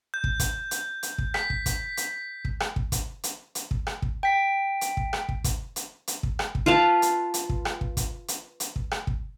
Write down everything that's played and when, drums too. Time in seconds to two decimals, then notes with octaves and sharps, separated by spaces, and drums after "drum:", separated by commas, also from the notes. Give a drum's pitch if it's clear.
0.14 G6
0.24 drum: kick
0.40 drum: kick, hi-hat
0.71 drum: hi-hat
1.03 drum: hi-hat
1.18 drum: kick
1.34 B6, drum: rim click
1.50 drum: kick
1.66 drum: kick, hi-hat
1.97 drum: hi-hat
2.45 drum: kick
2.60 drum: rim click
2.76 drum: kick
2.92 drum: kick, hi-hat
3.23 drum: hi-hat
3.55 drum: hi-hat
3.71 drum: kick
3.87 drum: rim click
4.02 drum: kick
4.23 G5 B6
4.81 drum: hi-hat
4.97 drum: kick
5.13 drum: rim click
5.29 drum: kick
5.44 drum: kick, hi-hat
5.76 drum: hi-hat
6.07 drum: hi-hat
6.23 drum: kick
6.39 drum: rim click
6.55 drum: kick
6.66 F4 B4 F5 A5
7.02 drum: hi-hat
7.34 drum: hi-hat
7.49 drum: kick
7.65 drum: rim click
7.81 drum: kick
7.97 drum: kick, hi-hat
8.28 drum: hi-hat
8.60 drum: hi-hat
8.76 drum: kick
8.91 drum: rim click
9.07 drum: kick